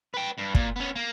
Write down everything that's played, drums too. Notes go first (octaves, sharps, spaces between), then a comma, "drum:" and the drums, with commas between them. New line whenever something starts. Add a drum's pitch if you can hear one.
B4 G5
G2
A#2, drum: kick
B3 C#4
A#3